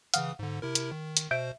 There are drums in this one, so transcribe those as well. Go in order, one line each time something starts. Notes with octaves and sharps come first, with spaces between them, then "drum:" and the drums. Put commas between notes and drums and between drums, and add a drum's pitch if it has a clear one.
C#3 E3 F5 F#5 D#6 F6, drum: hi-hat
G#2 D3
C3 E4 A#4
drum: hi-hat
D#3
drum: hi-hat
B2 C5 E5 G6 D7